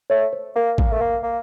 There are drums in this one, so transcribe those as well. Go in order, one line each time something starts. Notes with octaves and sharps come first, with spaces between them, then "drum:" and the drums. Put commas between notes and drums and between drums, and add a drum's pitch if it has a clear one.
A3 C#5
C5
A#3 A#4
A#3, drum: kick A1
A3
A#3
A#3